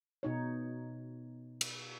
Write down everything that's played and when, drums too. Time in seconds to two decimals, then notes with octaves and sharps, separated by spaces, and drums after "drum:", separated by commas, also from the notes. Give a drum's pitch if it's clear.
0.23 B2 D#4 C#5
1.61 drum: cymbal